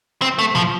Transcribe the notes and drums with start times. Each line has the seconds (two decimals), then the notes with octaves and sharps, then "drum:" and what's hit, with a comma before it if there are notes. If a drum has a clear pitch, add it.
0.22 C4
0.39 A3
0.55 F3, drum: tom A2